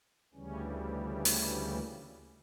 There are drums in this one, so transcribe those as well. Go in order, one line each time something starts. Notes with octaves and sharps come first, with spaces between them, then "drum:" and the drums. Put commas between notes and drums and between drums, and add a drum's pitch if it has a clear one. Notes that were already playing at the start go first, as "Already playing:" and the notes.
D2 C#3 E3 G3 C#4
B3, drum: open hi-hat
A#3